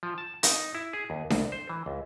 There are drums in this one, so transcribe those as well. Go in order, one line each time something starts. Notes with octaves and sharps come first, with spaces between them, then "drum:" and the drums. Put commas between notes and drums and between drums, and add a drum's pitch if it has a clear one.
F3
A5
D#4, drum: hi-hat
E4
G#4
D#2
C2, drum: snare D4
C5
E3
C#2